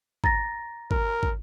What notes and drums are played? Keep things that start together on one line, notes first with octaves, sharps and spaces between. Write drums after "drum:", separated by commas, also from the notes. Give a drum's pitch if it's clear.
A#5 A6 A#6, drum: kick
A#4, drum: kick
drum: kick